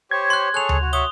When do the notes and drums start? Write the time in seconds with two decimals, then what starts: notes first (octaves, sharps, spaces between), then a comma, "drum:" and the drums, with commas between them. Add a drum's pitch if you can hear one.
0.11 G4 C5 C#5 G#6
0.30 C6 F#6
0.54 G#4 A4 C#5 F#6 F7
0.69 drum: tom D2
0.81 F#4
0.93 F#4 C#5 E5 D#6 G7